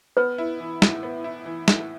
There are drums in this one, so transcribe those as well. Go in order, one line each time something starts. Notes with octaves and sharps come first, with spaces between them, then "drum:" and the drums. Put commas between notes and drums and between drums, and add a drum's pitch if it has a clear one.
B3 B4
E4
E3
A2, drum: snare
B3
E4
E3
A2, drum: snare